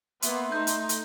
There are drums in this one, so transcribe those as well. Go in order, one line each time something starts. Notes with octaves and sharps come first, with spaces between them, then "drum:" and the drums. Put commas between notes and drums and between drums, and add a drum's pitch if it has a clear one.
A#3 B3 B4 E5 C6, drum: hi-hat
A3 D#4 G6
drum: hi-hat
drum: hi-hat